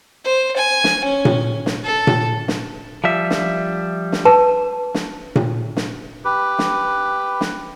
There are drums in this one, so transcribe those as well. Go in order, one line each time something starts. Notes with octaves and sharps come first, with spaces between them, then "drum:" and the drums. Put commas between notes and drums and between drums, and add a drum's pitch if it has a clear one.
C5
G#5
drum: snare
C#4
drum: tom A#2
drum: snare
A4
drum: tom A#2
drum: snare
F3 G3 E5
drum: snare
drum: snare
B4 A5
drum: snare
drum: tom A#2
drum: snare
G4 B4
drum: snare
drum: snare